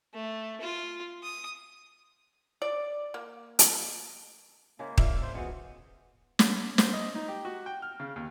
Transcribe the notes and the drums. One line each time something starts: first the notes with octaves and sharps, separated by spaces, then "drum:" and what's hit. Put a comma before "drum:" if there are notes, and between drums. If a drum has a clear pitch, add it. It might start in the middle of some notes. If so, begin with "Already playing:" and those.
A3
F4
D#6
D5
A#3
drum: hi-hat
C#3 G#3 A#3 E4
D4 F4 E5 F5, drum: kick D#1
C5
E3 G#3 B3 F4 F#4
drum: snare
C5, drum: snare
D#5
D#4
G4
F#4
G5
F6
C#3
D#2